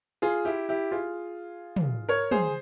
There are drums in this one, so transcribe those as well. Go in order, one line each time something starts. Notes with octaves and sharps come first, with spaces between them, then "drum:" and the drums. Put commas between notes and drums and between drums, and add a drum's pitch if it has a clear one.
F4 G#4
E4 G4
E4 G4
F4 G#4
drum: tom
A#4 C#5
G#4 C5, drum: tom